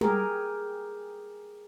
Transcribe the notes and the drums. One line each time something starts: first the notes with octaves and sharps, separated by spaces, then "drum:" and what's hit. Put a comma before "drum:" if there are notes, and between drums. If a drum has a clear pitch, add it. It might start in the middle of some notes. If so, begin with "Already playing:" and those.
G4 G#4 A#4, drum: tom G3